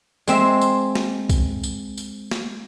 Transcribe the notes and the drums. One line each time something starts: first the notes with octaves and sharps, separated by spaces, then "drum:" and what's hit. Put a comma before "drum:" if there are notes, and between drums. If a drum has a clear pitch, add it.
G#3 C4 E5, drum: tambourine
drum: tambourine
drum: snare
drum: kick B1, tambourine
drum: tambourine
drum: tambourine
drum: snare